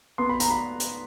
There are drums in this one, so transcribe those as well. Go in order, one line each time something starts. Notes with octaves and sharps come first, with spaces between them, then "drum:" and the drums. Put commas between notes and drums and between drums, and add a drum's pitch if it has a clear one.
B3 C6
B5
A#5, drum: hi-hat
B5
drum: hi-hat